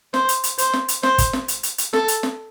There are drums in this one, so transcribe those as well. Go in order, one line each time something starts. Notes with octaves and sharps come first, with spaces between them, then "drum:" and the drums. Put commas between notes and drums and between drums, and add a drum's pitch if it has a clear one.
C5, drum: snare
drum: hi-hat
drum: hi-hat
C5, drum: hi-hat
drum: snare
drum: hi-hat
C5, drum: snare
drum: kick G#1, hi-hat
drum: snare
drum: hi-hat
drum: hi-hat
drum: hi-hat
A4, drum: snare
drum: hi-hat
drum: snare